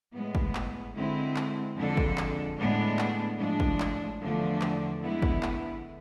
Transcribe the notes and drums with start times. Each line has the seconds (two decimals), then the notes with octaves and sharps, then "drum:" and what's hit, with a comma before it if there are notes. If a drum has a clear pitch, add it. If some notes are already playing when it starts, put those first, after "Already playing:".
0.14 A2 G#3 B3
0.35 drum: kick
0.55 drum: clap
0.96 D3 G#3 C4 E4
1.36 drum: clap
1.77 F2 D3 G#3 D4 A4
1.97 drum: kick
2.18 drum: clap
2.58 A2 G#3 B3 D4
2.99 drum: clap
3.39 A2 F3 G#3 D4
3.60 drum: kick
3.80 drum: clap
4.21 E2 D3 F3 A3 D4
4.61 drum: clap
5.02 D3 G#3 B3 E4
5.22 drum: kick
5.43 drum: clap